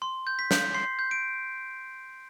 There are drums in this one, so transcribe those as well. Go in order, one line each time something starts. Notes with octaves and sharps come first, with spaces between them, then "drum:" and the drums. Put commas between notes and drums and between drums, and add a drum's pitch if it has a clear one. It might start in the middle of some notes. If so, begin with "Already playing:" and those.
C6
G6
B6
G6, drum: snare
C6 C7
G6
D7